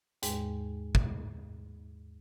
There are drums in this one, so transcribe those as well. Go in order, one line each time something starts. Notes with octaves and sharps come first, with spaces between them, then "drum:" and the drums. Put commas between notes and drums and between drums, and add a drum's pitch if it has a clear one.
D#2 G#2 G#3, drum: hi-hat
drum: kick